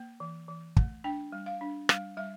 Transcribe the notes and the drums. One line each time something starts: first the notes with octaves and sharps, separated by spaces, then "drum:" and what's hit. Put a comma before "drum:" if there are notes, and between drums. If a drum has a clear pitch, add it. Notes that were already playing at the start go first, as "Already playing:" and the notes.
Already playing: A#3
E3
E3
A3, drum: kick
D4 G5
G3
F5
D4
G3 F5, drum: rim click
G3 E5